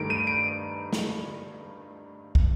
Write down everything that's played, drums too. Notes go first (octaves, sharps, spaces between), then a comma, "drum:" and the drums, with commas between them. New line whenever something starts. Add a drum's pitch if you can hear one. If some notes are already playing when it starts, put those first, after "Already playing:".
Already playing: G2 D#3 A3 D#4 D7
D#7
D7
drum: snare
drum: kick